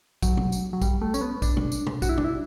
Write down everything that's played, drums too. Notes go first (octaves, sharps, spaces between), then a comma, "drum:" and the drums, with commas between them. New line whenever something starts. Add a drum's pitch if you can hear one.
F#3, drum: kick, tambourine
drum: tom B2
drum: tambourine
F#3
G3, drum: kick, tambourine
A3
C#4, drum: tambourine
B3
D4, drum: kick, tambourine
drum: tom B2
drum: tambourine
drum: tom
F#4, drum: kick, tambourine
E4
D4, drum: tom
E4